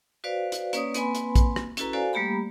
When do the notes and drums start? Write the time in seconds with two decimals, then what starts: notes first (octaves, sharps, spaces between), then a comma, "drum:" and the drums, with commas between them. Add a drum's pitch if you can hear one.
0.24 F#4 B4 C5 D5 F5
0.52 drum: hi-hat
0.73 A#3 C#4 B4 C#5 D5 D#6, drum: hi-hat
0.94 A#3 C4 B4 G#5 B5 C6, drum: hi-hat
1.15 drum: hi-hat
1.35 drum: kick, hi-hat
1.56 drum: rim click
1.77 C#4 E4 F#4 A4 B4 A#5, drum: hi-hat
1.93 F#4 A4 C5 D5 F5 G#5
2.13 G3 A3 A#3 G4 A#5 B5